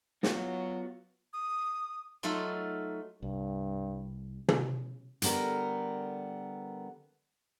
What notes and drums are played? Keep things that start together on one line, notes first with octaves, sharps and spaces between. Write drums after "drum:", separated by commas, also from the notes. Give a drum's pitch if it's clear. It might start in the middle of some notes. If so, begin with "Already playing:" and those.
F#3 B3 F4 F#4, drum: snare
D#6
F#3 A3 D#4 F4 A4
C2 G2
drum: tom
D3 G3 B3 A#4, drum: hi-hat